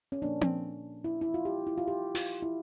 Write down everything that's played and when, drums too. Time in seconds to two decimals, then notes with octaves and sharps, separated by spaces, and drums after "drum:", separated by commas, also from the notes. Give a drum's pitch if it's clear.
0.12 C#4
0.22 A#2 F3 A#3 D4
0.41 drum: tom C4
1.04 E4
1.21 E4
1.34 F4
1.45 G4
1.67 E4
1.78 F4
1.88 G4
2.15 F4, drum: open hi-hat
2.43 E4